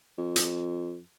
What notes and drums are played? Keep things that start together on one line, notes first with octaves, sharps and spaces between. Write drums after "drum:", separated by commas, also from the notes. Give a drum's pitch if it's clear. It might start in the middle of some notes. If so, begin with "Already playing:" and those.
F2
drum: hi-hat